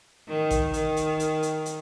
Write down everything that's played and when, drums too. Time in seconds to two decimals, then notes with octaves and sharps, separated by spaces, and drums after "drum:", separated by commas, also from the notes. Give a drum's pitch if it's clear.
0.28 D#3
0.51 drum: kick A1, hi-hat
0.74 D#3, drum: hi-hat
0.97 drum: hi-hat
1.20 drum: hi-hat
1.43 drum: hi-hat
1.66 drum: hi-hat